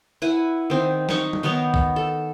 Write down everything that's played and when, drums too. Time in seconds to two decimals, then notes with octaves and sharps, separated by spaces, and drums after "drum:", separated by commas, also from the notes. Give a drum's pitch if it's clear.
0.22 E4 B4 F#5 G#5
0.70 D#3 C4
1.09 D#3 D#4 C#6, drum: snare
1.33 drum: tom F#3
1.43 D#3 B3 A#4 C#5
1.74 drum: kick B1
1.96 A4